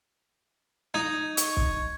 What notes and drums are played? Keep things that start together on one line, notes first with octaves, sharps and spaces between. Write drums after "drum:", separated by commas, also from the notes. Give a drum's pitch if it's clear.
D#4 G#6
C#6, drum: hi-hat
drum: kick